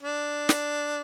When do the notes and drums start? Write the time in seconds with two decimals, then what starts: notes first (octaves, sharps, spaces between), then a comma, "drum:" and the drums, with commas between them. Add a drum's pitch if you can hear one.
0.03 D4
0.49 drum: snare